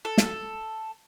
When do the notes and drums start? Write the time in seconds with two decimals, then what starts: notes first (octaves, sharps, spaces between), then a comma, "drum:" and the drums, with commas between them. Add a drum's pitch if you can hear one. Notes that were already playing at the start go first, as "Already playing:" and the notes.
0.05 A4
0.18 drum: snare